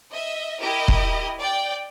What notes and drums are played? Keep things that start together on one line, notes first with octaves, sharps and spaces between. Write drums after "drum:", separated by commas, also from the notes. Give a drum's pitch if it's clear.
D#5 E5
E4 G4 A#4 D#5
drum: kick
D5 G5